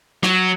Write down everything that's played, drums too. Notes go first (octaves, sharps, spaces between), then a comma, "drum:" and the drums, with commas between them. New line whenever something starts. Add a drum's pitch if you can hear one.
F#3, drum: rim click